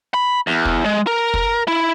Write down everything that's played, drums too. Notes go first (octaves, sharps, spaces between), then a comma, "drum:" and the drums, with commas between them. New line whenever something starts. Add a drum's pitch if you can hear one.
B5
E2
drum: kick
G#3
A#4
drum: kick
E4